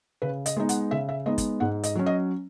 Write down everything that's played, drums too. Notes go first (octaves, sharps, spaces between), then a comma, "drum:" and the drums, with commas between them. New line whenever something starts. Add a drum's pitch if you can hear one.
C#3 B4
D#5, drum: hi-hat
G#3 B3 D#4
F#5, drum: hi-hat
C#3 E5
E5
G#3 B3 D#4 D#5
drum: kick, hi-hat
G#2 F#5
D#5, drum: hi-hat
F#3 C#4
D#5